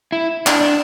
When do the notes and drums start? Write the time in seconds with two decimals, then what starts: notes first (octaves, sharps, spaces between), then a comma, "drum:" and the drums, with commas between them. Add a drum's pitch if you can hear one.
0.12 E4
0.47 D4, drum: clap
0.61 D4